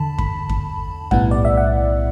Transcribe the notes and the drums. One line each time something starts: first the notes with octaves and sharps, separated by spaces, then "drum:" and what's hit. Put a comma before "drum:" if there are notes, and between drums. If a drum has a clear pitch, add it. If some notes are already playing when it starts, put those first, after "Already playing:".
Already playing: E2 D3 A5 B5
B5, drum: kick F#2
drum: kick F#2
B1 A2 G3 B3 E4 F#5, drum: kick F#2
D5
E5
F#5